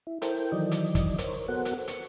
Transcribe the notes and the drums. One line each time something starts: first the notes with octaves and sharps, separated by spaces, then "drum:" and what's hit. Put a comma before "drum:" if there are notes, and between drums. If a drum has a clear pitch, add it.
E4
E4 A4 A#4 C5 G5, drum: hi-hat
D#3 E3 F#3 D5 D#5
drum: hi-hat
drum: kick, hi-hat
A#4 C5 C#5, drum: hi-hat
B3 F#4 A4 A#4 C5 F#5
drum: hi-hat
C#6, drum: hi-hat